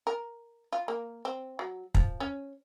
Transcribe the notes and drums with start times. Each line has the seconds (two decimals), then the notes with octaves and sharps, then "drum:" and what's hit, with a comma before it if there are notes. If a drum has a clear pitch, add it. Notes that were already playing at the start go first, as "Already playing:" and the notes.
0.07 A#4
0.73 F4
0.88 A#3
1.25 C4
1.59 F#3
1.95 F3, drum: kick
2.20 C#4